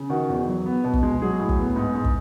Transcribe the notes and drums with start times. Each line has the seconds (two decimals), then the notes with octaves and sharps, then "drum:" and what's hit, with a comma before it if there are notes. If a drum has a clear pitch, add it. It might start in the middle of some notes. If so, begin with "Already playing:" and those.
Already playing: C#3
0.10 D#3 F#4
0.29 E2
0.48 F#3
0.66 B3
0.84 B2
0.93 drum: kick
1.03 G#3
1.22 F#3 G#4
1.40 A2
1.49 drum: kick
1.59 B3
1.76 G#2
1.95 G#2
2.04 drum: kick